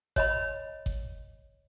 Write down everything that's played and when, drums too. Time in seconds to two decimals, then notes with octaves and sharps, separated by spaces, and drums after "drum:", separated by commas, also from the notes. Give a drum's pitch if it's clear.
0.16 C#5 D#5 B5, drum: kick G1
0.86 drum: kick G1